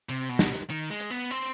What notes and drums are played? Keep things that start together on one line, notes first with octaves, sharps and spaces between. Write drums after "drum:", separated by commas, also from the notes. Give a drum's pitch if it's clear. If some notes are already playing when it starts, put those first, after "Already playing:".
C3, drum: hi-hat
B2
drum: snare
drum: hi-hat
D#3, drum: hi-hat
G#3
drum: hi-hat
B3
C4, drum: hi-hat